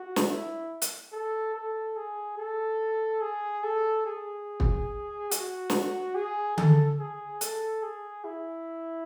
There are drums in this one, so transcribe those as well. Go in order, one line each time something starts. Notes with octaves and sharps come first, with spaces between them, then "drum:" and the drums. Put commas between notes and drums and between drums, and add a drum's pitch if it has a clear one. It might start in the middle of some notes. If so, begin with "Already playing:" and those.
Already playing: F#4
drum: snare
E4
drum: hi-hat
A4
A4
G#4
A4
G#4
A4
G#4
drum: kick
F#4, drum: hi-hat
drum: snare
G#4
A4, drum: tom D3
G#4
A4, drum: hi-hat
G#4
E4